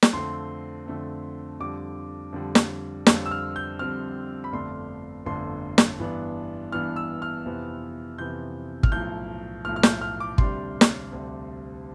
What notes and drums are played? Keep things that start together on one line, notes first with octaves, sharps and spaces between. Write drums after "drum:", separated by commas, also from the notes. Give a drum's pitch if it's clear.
drum: snare
F2 D3 A3 C4 C6
F2 D3 A3 C4
F2 D3 G3 D6
F2 D3 G3
drum: snare
F2 D3 G3 C4, drum: snare
E6
F6
G6
F2 D3 G3 C4 F6
B5
G1 F2 D3 A3 D4 C6
G1 F2 D3 A3 D4 C6
drum: snare
G2 E3 B3 D4
G2 E3 B3 D4 F6
E6
F6
F2 C3 E3 B3
F2 C3 E3 B3 G6
F6, drum: kick
B1 A2 F3 G6
B1 A2 F3 F6
F6
G6, drum: snare
F6
D6
D2 C3 G3 D4 C6, drum: kick
drum: snare
D2 C3 G3 D4